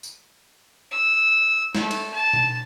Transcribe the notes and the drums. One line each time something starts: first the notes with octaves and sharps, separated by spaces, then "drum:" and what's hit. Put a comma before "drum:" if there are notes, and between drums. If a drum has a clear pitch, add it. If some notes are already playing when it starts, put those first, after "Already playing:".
drum: tambourine
E6
A3, drum: snare
drum: cymbal
A5
drum: tom B2